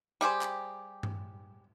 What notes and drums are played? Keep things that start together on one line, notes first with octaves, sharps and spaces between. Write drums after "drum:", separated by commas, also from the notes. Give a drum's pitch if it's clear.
G3 G4 G#4 C5
drum: clap
drum: tom G2